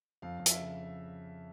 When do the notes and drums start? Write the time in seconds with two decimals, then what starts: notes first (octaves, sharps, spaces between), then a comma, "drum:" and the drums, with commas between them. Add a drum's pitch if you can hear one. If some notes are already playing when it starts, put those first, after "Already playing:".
0.22 F2 F5
0.39 F2
0.46 E5, drum: hi-hat
0.57 C#3